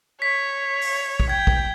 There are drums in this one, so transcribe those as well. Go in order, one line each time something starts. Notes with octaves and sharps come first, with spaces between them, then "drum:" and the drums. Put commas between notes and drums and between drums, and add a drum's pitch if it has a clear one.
C#5 B6
drum: open hi-hat
drum: kick
G5 G#6
drum: kick